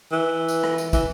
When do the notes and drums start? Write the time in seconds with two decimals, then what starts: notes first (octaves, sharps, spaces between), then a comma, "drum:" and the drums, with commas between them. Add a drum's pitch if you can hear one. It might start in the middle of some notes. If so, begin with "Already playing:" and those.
0.12 E3
0.48 drum: tambourine
0.63 drum: rim click
0.78 drum: tambourine
0.93 E3, drum: kick, tambourine